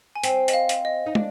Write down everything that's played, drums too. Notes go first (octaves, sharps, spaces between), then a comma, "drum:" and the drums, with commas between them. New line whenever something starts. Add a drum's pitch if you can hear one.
G#5
C4 G5, drum: hi-hat
D#5, drum: hi-hat
F5
drum: hi-hat
D#5
D#4
D4, drum: tom